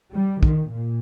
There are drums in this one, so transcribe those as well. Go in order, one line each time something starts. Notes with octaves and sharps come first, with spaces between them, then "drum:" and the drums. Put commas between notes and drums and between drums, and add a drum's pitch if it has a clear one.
G3
D#3, drum: kick
A#2